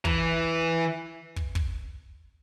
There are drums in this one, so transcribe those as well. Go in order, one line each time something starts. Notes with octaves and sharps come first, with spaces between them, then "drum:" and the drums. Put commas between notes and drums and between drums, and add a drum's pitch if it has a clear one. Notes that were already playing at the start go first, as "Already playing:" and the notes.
E3, drum: kick
drum: kick
drum: kick